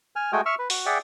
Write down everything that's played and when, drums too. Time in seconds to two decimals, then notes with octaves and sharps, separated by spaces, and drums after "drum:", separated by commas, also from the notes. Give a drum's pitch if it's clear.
0.16 G#5 F6
0.32 G#3 A3 F#4 G5 G#5 D#6
0.46 E5 C#6 E6 F6
0.59 B4
0.70 F#4, drum: open hi-hat
0.86 G#4 D5 E5 F#5 G5